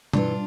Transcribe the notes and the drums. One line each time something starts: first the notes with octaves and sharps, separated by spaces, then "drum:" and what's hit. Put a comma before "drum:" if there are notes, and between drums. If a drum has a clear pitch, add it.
G2 E3 D4 F4, drum: tom B2